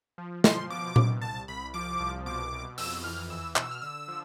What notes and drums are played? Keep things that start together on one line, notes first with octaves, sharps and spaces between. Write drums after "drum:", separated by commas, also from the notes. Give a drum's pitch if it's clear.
F3
F3 C6, drum: snare
B2 D6
C2, drum: tom A#2
C2 A5
C2 B5
F3 D6
C2
B2 D6
B2
F2 E6, drum: open hi-hat
E3 F6
E2 E6
B2 E6, drum: clap
F6
D3 E6
F3